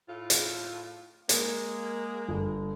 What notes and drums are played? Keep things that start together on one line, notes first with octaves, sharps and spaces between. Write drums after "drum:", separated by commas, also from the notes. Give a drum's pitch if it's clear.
A2 F4
drum: hi-hat
G#3 A#3, drum: hi-hat
G1